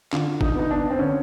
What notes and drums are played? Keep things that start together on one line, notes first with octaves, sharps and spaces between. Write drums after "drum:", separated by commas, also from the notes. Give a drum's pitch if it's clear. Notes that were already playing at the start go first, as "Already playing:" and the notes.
D3 F4, drum: clap
D#4, drum: kick
B3 D#4
D4
C4
D3 C#4